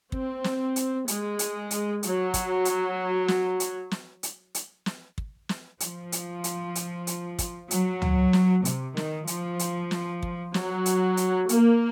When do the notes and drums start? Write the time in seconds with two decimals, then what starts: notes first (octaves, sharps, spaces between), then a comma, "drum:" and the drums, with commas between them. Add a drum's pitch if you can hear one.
0.12 C4, drum: kick
0.44 drum: snare
0.76 drum: hi-hat
1.08 G#3, drum: hi-hat
1.39 drum: hi-hat
1.71 drum: hi-hat
2.03 F#3, drum: hi-hat
2.34 drum: kick, hi-hat
2.65 drum: hi-hat
3.28 drum: snare
3.60 drum: hi-hat
3.91 drum: snare
4.23 drum: hi-hat
4.55 drum: hi-hat
4.86 drum: snare
5.18 drum: kick
5.49 drum: snare
5.80 F3, drum: hi-hat
6.12 drum: hi-hat
6.44 drum: hi-hat
6.75 drum: hi-hat
7.07 drum: hi-hat
7.39 drum: kick, hi-hat
7.71 F#3, drum: hi-hat
8.02 drum: tom
8.33 drum: snare
8.65 C3, drum: hi-hat
8.97 D#3, drum: snare
9.27 F3, drum: hi-hat
9.59 drum: hi-hat
9.91 drum: snare
10.23 drum: kick
10.54 F#3, drum: snare
10.86 drum: hi-hat
11.17 drum: hi-hat
11.49 A#3, drum: hi-hat